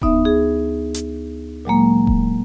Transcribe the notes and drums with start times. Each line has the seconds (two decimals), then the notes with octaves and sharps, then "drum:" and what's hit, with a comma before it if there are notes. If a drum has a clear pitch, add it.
0.02 D2 B3 D#4 E5, drum: kick D#1
0.25 G#4
0.94 drum: hi-hat
1.65 A#2 F#3 G#3 A#3
2.07 drum: kick D#1